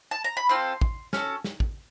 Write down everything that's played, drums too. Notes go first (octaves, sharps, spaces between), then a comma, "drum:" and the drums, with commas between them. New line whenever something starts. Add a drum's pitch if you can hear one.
A5
A#5
B5
C4 F4 A4 C6
drum: kick
C#4 F#4 A4, drum: snare
drum: snare
drum: kick